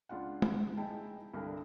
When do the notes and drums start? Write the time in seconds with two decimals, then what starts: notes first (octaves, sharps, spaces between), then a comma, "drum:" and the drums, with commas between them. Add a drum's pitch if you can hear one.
0.09 C#2 D4 F4 F#5
0.42 drum: tom
0.77 D#4 E4 G#4 G5 A5
1.34 C2 G2 D3 A#4